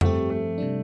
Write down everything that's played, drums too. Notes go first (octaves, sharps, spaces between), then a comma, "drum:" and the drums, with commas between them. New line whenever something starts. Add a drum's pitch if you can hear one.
G2 F3 A3 C4 G4, drum: tom F2
A3
C3 G3 D4